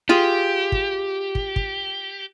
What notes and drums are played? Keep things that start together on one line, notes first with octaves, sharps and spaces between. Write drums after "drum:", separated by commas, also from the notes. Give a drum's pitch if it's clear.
F4 G4 G#4
drum: kick
drum: kick
drum: kick